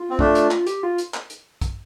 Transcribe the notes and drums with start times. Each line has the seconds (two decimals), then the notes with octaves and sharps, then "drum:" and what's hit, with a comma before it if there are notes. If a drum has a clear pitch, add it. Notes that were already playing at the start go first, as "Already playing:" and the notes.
Already playing: F4
0.10 C4
0.19 A3 D4, drum: kick
0.35 drum: hi-hat
0.51 drum: clap
0.67 G4, drum: hi-hat
0.83 F4
0.98 drum: hi-hat
1.14 drum: clap
1.30 drum: hi-hat
1.61 drum: kick, hi-hat